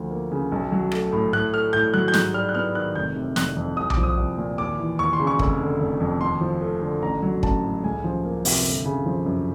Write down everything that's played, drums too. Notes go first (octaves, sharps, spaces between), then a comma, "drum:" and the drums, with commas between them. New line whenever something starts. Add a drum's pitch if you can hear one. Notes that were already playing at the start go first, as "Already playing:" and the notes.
Already playing: D2 F3
A#3
C#3
B1
F#3
A3, drum: rim click
A2
A2 F#6
A3 F6
A2 G6
F#3 F#6
G6
G#2 F#6, drum: snare
G3 F6
F#6
B3 F6
D#3 F#6
F1 G6
C3
F1 F#6, drum: snare
F2
C2 D#6
D6, drum: tom B1
F3
D#6
C2
A#2
D#2 D6
E3
D#2 C#6
C6
C#3
C#6
F1, drum: kick
D3
F1
F2
D#2 C6
F3
A3
D3
A1 A#5
F#3
A1 A5, drum: kick
A2
C#2 G#5
F3
A#3
C3, drum: open hi-hat
G1
C#3
F3
F#2